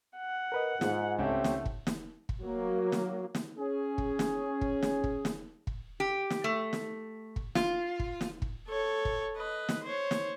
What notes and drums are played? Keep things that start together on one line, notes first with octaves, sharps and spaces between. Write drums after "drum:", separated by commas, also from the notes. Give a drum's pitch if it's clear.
F#5
A#4 B4 D#5
G#2 F4 G#4, drum: snare
C#2 C#3 A3 C4 C#4 G4
drum: snare
drum: kick
drum: snare
drum: kick
F#3 A#3
drum: snare
drum: snare
C#4 G#4
drum: kick
drum: snare
drum: kick
drum: snare
drum: kick
drum: snare
drum: kick
G4
drum: snare
A3
drum: snare
drum: kick
F4, drum: snare
drum: kick
drum: snare
drum: kick
A4 C#5
drum: kick
B4 D#5
drum: snare
C5 C#5
drum: snare